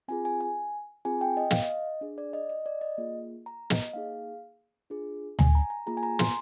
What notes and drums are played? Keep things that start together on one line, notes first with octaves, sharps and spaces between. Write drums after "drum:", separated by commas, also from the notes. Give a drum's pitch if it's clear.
C4 F4 G#4 G#5
G#5
G#5
C4 F4 G#4 G#5
G5
D#5
F5, drum: snare
D#5
D4 G#4
D5
D#5
D#5
D5
D#5
A#3 F4 G#4
A#5
D#5, drum: snare
A#3 D#4 G#4 F5
D4 F4 G#4
G#5, drum: tom D2
A#5
A#5
A#3 F4 G#4 A#5
G#5
A#5
C6, drum: snare